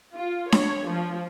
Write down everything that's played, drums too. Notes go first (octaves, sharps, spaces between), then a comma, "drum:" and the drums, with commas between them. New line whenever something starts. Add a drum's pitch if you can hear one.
F4
C#5, drum: snare D4
F3